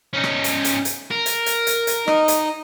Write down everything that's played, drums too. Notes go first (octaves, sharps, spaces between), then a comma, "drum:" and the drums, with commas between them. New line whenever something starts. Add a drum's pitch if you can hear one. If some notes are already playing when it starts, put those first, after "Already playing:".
C#4 D#4
drum: rim click
drum: hi-hat
drum: hi-hat
drum: hi-hat
A#4
drum: hi-hat
drum: hi-hat
drum: hi-hat
drum: hi-hat
D#4 D#5, drum: rim click
drum: hi-hat